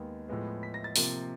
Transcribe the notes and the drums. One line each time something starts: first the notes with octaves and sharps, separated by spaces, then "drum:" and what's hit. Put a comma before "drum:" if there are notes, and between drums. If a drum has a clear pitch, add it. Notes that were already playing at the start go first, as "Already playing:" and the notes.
Already playing: D#2 D#3 G#3 B3
A2 F3 G#3 B3
B6
A#6
A6
C3 F3 A#3, drum: open hi-hat